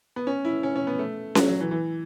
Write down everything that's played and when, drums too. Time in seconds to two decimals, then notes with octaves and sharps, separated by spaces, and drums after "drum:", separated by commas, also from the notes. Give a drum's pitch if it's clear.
0.16 B3
0.27 C#4
0.45 E4
0.63 C#4
0.76 C#4
0.87 B3
0.99 A3
1.35 F#3, drum: snare C#4
1.48 F#3
1.60 E3
1.71 E3